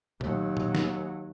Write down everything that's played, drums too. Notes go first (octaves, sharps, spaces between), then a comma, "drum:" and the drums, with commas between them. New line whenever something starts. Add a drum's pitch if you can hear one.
D#2 F#3, drum: tom A#2
drum: tom A#2
drum: snare